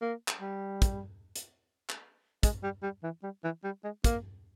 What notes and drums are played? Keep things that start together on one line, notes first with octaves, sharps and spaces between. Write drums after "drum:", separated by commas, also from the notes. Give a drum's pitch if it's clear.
A#3
drum: clap
G3
drum: kick, hi-hat
drum: hi-hat
drum: clap
G#3, drum: kick, hi-hat
G3
G3
E3
G3
E3
G3
G#3
A#3, drum: kick, hi-hat